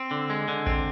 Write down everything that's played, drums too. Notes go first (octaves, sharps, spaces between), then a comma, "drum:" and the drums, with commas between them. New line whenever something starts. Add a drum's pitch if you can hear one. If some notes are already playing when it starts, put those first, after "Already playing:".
Already playing: C4
D3
G#3
D3
C4, drum: kick A1